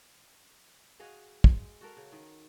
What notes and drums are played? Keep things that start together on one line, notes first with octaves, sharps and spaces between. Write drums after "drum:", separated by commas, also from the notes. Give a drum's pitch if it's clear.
F#4 G#4 D#5 F5
G#3, drum: kick
F#4 A4 A#4
C#3
D#3